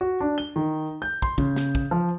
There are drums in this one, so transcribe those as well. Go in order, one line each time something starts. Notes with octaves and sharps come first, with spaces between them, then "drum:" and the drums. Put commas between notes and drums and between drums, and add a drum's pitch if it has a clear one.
F#4
D4
G7
D#3
G6
C6, drum: kick
C#3, drum: kick
drum: snare
drum: kick
F3